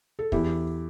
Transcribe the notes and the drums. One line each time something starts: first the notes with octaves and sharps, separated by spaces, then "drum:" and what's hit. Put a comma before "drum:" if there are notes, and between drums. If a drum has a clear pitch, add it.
A4
E2 E4 G4, drum: kick